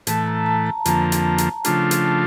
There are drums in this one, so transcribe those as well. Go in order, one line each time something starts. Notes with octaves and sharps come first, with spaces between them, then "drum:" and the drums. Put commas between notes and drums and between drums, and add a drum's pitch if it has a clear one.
A2 E3 A3 A5, drum: hi-hat
A#5
A5
A#5
F2 D3 F3 A#3 A5, drum: hi-hat
drum: hi-hat
A#5
drum: hi-hat
C#3 F3 A3 D4 F4 A5, drum: hi-hat
drum: hi-hat
A5